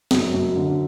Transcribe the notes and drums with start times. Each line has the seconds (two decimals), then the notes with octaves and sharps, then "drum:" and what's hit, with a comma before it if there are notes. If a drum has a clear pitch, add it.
0.11 F#2, drum: snare
0.34 F#2
0.56 D3